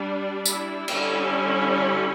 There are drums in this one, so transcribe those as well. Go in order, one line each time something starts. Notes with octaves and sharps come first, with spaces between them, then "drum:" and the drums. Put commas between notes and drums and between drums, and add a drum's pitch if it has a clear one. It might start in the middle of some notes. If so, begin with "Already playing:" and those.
Already playing: G3 D4
E4, drum: tambourine
D3 G3 C#4, drum: cymbal